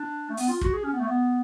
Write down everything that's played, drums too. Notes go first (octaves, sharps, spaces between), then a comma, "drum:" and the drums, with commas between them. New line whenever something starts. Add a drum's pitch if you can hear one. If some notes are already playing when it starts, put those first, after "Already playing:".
Already playing: D4
A3
B3, drum: open hi-hat
F4
F#4, drum: kick
G#4
C#4
B3
A3
B3